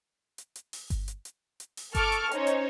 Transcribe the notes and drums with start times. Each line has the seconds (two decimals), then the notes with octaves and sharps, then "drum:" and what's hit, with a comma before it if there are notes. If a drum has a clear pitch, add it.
0.38 drum: hi-hat
0.56 drum: hi-hat
0.73 drum: open hi-hat
0.90 drum: kick G1, hi-hat
1.08 drum: hi-hat
1.25 drum: hi-hat
1.60 drum: hi-hat
1.77 drum: open hi-hat
1.95 A4 A5 C#6 D6 F6, drum: kick G1, hi-hat
2.12 drum: hi-hat
2.31 C#4 D#4 C5 C#5, drum: hi-hat
2.47 drum: hi-hat